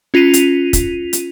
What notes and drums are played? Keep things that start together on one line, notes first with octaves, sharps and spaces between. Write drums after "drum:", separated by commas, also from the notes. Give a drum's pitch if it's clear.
C#4 F4 B6 D#7 F7
drum: hi-hat
drum: kick, hi-hat
drum: hi-hat